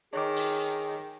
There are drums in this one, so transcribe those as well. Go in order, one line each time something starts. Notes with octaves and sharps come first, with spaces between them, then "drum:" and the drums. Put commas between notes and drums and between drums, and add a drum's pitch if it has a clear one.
D#3 G#4 C#5 D6
drum: open hi-hat